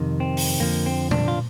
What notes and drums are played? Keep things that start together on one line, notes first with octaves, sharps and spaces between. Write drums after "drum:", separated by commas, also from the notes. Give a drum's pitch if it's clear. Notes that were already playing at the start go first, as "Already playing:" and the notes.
Already playing: F2 C3 D#3
C4
drum: open hi-hat
F2 D3 F3 A#3
C4
D4, drum: tom A#2
F4